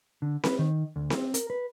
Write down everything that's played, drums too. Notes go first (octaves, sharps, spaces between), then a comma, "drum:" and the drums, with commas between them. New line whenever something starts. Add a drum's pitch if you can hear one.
D3
B4, drum: snare C4
D#3
D2
C4, drum: snare C4
A#4, drum: hi-hat
B4